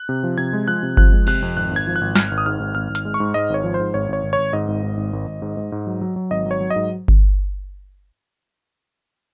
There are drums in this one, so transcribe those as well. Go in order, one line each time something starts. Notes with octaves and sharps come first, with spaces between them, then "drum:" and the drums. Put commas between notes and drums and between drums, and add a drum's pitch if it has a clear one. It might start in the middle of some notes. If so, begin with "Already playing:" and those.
Already playing: F#6
C3
F3
C3 G#6
G#3
F3 F#6
C3
F3 F#6, drum: kick G1
G#3
C3 F#6, drum: cymbal
F2
G#1 F#6
G#1
G#6
F3
F#6
G#1
G#1 F6, drum: snare
G#1
D#6
G#2 F6
G#1
G#1 F6
G#1
F6, drum: hi-hat
G#3
C#6
G#2
G#2 D#5
G#1 C#5
F3
C5
G#2
G#1 C#5
G#1 C#5
G#1
C#5
G#1
G#2 D#5
G#1
G#2
G#1
G#1
G#1
G#2
G#2
G#2
F#3
F#3
F#3
G#1 D#5
F#3 C#5
F#3
D#5
G#2
drum: kick G1